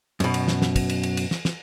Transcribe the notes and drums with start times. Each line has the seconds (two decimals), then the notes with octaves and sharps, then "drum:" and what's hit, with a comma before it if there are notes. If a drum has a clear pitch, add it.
0.20 F#2 B2, drum: cymbal
0.34 drum: cymbal
0.48 drum: snare
0.62 drum: snare
0.76 drum: kick, cymbal
0.90 drum: cymbal
1.03 drum: cymbal
1.17 drum: cymbal
1.31 drum: snare
1.45 drum: snare